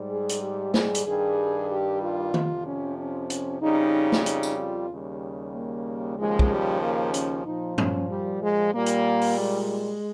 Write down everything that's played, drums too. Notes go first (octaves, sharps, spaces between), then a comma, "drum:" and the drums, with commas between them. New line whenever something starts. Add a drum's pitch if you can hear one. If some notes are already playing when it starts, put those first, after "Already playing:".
Already playing: G#2 G3
G#4
drum: hi-hat
G4
G#4, drum: snare
drum: hi-hat
G2 D#3 G3 G#4
G4
F4
F2 C3 F3, drum: tom D#3
C#4
C#4
C#4, drum: hi-hat
F2 C#3 G3 D#4
drum: snare
D#4, drum: hi-hat
drum: tambourine
F4
D#2 C#3 G3
A#3
D#2 C#3 F3 G#3
drum: kick
G3
A#3
C#4, drum: hi-hat
A#2 F3 D#4
C#4, drum: tom
G3
G#3
A#2 G3 A#3
drum: hi-hat
drum: open hi-hat
G#3